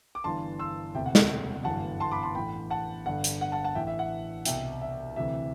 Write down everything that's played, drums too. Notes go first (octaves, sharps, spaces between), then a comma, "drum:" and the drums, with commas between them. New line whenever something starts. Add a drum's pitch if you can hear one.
D6
G1 G2 E3 A5 C6
C6 E6
E1 D2 C3 E5 G5
F#5
drum: snare
G1 F#2 E3 F#5 A5
A5 C6
B5 D6
A5 C6
A1 A2 E3 G5 B5
F#5 A5
G1 G2 D3 F#5
drum: hi-hat
F#5
F#5 A5
F#5 A5
A1 A2 E3 E5 G5
E5
F#5
C2 B2 E5 G5, drum: hi-hat
E5
D2 C3 E3 E5